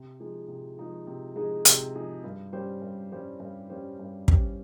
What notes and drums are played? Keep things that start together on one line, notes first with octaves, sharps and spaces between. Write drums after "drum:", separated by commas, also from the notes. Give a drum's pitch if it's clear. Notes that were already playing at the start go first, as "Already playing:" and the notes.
Already playing: C3
F3 G#3 D#4 G#4
C3
F3 G#3 D#4 G#4
C3
F3 G#3 D#4 G#4
C3, drum: hi-hat
F3 G#3 D#4 G#4
G2
G3 C#4 G4 C5
G2
G3 C#4 G4 C5
G2
G3 C#4 G4 C5
G2
G3 C#4 G4 C5, drum: kick